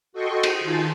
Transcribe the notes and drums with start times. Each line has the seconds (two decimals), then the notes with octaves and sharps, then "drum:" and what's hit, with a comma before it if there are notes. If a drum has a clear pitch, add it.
0.13 F#4 A4 D#5 G5 C6 C#6
0.43 drum: cymbal
0.60 D#3 F4 G#5 A5 C6 A6